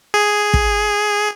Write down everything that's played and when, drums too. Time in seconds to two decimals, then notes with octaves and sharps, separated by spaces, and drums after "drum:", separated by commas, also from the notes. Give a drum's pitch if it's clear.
0.14 G#4
0.54 drum: kick